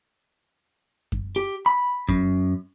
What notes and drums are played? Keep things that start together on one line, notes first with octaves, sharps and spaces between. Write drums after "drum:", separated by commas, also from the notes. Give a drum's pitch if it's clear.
drum: kick F#2
G4
B5
F#2, drum: kick F#2